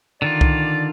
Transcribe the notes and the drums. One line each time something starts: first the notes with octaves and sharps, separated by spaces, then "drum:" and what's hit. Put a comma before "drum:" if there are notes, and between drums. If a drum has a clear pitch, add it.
D3 D#3 F4 D5
drum: kick C2